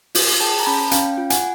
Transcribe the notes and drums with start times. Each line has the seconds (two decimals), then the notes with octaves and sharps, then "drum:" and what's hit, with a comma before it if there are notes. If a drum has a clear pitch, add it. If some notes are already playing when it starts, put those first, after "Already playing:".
0.15 F4, drum: open hi-hat
0.40 G#4 G5 A5
0.60 A#5
0.66 C#4 A5 B5
0.91 C#4 F5 G5, drum: hi-hat
1.18 F4
1.30 F#5 G#5, drum: hi-hat